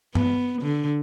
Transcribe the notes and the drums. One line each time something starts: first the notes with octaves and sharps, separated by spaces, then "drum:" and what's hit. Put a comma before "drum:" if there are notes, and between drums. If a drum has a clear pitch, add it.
B3, drum: tom G2
D3